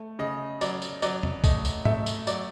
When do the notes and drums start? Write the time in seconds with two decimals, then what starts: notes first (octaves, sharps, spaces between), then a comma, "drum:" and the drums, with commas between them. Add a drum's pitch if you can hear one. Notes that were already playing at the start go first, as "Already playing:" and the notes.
Already playing: A3
0.19 C#3 D#5
0.61 F#3 D5, drum: tambourine
0.82 drum: tambourine
1.02 F#3 D5, drum: tambourine
1.23 drum: tom E2
1.44 A3 D#5, drum: kick, tambourine
1.65 drum: tambourine
1.85 A3 E5, drum: tom G#2
2.06 drum: tambourine
2.27 F#3 D5, drum: tambourine